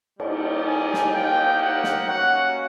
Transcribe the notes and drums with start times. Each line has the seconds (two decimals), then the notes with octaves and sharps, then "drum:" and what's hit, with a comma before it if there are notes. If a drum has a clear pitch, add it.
0.20 G3 A#3 D#4 G4, drum: cymbal
0.67 G#5
0.94 drum: snare
1.13 A#3 D#4 G4 G5
1.60 F#5
1.84 drum: snare
2.08 A#3 C#4 F#4 F#5